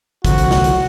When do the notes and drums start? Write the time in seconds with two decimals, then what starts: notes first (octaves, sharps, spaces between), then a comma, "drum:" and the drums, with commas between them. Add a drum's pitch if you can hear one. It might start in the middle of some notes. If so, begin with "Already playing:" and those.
0.25 C2 D3 F3 F#4, drum: kick, hi-hat
0.38 drum: hi-hat
0.51 drum: snare
0.64 drum: hi-hat